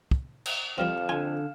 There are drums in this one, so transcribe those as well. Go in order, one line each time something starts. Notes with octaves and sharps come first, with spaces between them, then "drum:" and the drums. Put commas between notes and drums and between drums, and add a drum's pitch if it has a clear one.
drum: kick
drum: cymbal
F2 F3 G3 C4 F5 F6 E7
D3 F4 G#5